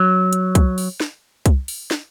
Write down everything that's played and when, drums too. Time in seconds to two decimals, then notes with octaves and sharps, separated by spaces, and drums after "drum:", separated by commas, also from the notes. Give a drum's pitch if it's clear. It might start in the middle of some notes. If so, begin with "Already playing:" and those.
Already playing: F#3
0.33 drum: hi-hat
0.55 drum: kick C2, hi-hat
0.78 drum: open hi-hat
1.00 drum: snare
1.46 drum: kick C2, hi-hat
1.68 drum: open hi-hat
1.91 drum: snare